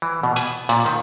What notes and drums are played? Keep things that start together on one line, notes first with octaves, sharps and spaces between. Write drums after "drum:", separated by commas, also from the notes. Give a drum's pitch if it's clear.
E3
B2
G#5, drum: hi-hat
A#2, drum: hi-hat
D#3, drum: hi-hat